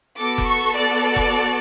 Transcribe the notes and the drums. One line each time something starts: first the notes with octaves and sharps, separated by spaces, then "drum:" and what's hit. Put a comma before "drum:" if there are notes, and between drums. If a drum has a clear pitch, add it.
B3 F#4 A4 D6
drum: kick F1
C#6
D5
drum: kick F1